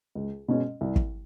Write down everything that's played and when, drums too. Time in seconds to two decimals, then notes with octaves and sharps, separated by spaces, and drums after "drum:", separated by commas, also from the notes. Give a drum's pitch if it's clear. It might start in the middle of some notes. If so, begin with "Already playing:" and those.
0.15 C#2
0.48 B2 G#3 C#4
0.81 C2
0.96 drum: kick